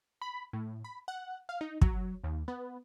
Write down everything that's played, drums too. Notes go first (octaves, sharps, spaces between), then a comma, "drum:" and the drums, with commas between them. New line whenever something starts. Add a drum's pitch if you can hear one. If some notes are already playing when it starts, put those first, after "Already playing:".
B5
A2
B5
F#5
F5
D#4
F#3, drum: kick
D#2
B3